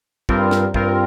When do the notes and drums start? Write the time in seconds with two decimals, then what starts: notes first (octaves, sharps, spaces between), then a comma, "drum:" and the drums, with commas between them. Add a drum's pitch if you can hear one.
0.29 G2 G3 C4 F4 A#4, drum: kick
0.51 drum: snare
0.74 G2 G3 C4 F4 A#4, drum: kick